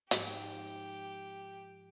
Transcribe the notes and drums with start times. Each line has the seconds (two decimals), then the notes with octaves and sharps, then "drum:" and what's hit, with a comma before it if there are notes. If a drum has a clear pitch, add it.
0.11 G#2 F3 G4, drum: hi-hat